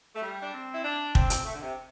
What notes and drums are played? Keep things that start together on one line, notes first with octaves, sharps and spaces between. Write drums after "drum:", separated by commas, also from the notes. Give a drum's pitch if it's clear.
A3
G3
D4
C4
E4
D4
C4, drum: kick
drum: hi-hat
A3
D3
C3